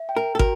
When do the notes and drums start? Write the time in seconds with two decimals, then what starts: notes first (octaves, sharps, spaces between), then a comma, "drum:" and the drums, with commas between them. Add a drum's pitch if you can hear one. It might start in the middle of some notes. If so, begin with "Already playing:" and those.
Already playing: E5
0.09 G5
0.16 A#4
0.35 A4
0.39 F#4 A#4, drum: kick